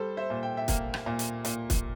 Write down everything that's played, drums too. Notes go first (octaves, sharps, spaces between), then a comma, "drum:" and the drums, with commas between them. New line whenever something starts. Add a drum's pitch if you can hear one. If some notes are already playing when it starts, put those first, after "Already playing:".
Already playing: G3 A4 C5
C5 E5
A#2
G5
E5 G5
A#3, drum: kick, hi-hat
drum: rim click
A#2
drum: hi-hat
A#2, drum: hi-hat
drum: kick, hi-hat